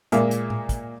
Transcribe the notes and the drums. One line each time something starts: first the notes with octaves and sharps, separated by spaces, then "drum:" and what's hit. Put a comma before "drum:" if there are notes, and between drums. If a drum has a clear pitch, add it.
A#2 G#3 A#3 E5 F5, drum: hi-hat
drum: hi-hat
drum: tom A2
drum: kick, hi-hat